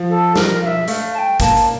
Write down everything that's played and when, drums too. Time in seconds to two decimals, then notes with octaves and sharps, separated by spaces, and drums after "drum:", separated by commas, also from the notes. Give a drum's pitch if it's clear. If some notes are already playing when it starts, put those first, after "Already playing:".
Already playing: F3
0.10 A4
0.36 A#4, drum: snare
0.62 F5
0.66 E5
0.88 A3 F5, drum: hi-hat
1.14 A5
1.18 G5
1.40 A#3 A5, drum: kick, hi-hat
1.57 drum: hi-hat